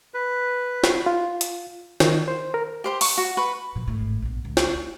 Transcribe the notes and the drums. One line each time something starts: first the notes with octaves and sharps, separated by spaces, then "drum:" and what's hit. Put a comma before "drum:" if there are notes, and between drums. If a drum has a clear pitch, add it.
B4
drum: snare
F4
drum: hi-hat
D#3, drum: snare
C5
A#4
G4 C5 C6
C#6, drum: open hi-hat
F#4
B4 C#6
A#2 F3
G#1 A2
A#1 B3
C#2
drum: snare
A3